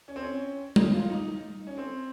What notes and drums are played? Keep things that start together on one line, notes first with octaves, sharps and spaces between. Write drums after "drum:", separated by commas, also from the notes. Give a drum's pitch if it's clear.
C#4
C4
C#4
D#4, drum: tom G3
F4
D#4
C#4
C4